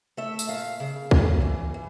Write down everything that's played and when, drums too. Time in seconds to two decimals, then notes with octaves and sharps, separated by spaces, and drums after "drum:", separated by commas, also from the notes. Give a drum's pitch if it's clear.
0.17 A3 E5
0.39 drum: tambourine
0.49 A#2 F5
0.80 C#3
1.11 D2, drum: kick C2
1.42 E3
1.74 E3